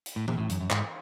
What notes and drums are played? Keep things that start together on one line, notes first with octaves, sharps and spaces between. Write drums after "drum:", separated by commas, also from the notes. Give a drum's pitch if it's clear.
drum: hi-hat
A2
A#2, drum: tom E3
A2
F#2, drum: hi-hat
F#2
G#2, drum: clap